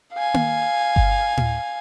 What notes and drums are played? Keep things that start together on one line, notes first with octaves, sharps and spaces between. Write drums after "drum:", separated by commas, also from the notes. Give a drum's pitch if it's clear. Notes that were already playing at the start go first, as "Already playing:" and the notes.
F5 G#5
drum: tom A#3
drum: kick G1
drum: tom A2